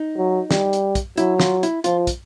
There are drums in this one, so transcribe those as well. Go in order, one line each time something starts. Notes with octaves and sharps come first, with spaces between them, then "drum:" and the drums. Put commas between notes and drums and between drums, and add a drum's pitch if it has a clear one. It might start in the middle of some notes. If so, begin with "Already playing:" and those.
Already playing: D#4
F#3
G3, drum: snare
drum: hi-hat
drum: kick, hi-hat
F#3 E4, drum: hi-hat
F4, drum: snare
E4, drum: hi-hat
F3 F4, drum: hi-hat
drum: kick, hi-hat